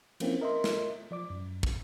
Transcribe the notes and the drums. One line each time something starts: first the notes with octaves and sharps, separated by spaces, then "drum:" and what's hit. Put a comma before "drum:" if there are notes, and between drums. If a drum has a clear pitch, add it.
F3 A#3 C4 C#4 E4, drum: cymbal
A#4 D#5 E5 C6
drum: snare
F3 D5 D6
F#2
drum: kick